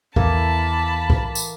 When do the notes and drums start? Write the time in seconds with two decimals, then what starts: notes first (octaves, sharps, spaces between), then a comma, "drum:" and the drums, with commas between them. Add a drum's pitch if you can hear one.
0.16 E2 E3 A#3 A4 A5 B5, drum: kick B1
1.10 drum: kick B1
1.35 drum: tambourine